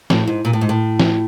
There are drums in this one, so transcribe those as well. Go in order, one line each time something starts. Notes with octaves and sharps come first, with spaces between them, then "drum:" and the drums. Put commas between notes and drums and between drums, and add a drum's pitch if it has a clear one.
A2, drum: snare
G#2
A#2
A2
G#2
A2
drum: snare